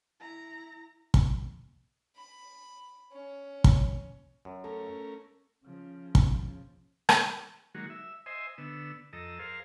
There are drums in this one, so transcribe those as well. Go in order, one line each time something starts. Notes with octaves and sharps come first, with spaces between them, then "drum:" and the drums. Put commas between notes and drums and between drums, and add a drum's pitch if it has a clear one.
E4 A#5
drum: kick
B5
C#4
drum: kick
F#2
A3 C#4 A4 A#4
C#3 F3
drum: kick
drum: rim click
D#3 F#3 G#3 A#3 F#4
E5
C5 D#5 E5 G#5
D3 B3 E6
F2 A4 D#5 A#5 E6
G#4 A#4 C5 F5